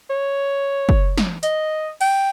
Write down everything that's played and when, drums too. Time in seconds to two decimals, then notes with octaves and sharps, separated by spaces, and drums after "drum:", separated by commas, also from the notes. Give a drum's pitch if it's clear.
0.10 C#5
0.89 drum: kick
1.18 drum: snare
1.43 D#5, drum: hi-hat
2.01 G5, drum: cymbal